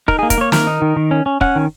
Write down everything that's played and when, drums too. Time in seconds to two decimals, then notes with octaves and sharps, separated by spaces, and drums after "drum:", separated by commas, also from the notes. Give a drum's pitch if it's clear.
0.08 D#4 A#4, drum: kick
0.19 G#4
0.23 A#3
0.30 A#4, drum: kick, hi-hat
0.38 A#3 C#5
0.52 D#3 A#4, drum: snare
0.67 D#4
0.82 D#3
0.97 D#3
1.11 C#4
1.26 C#4
1.41 C#4 F#5, drum: kick
1.56 D#3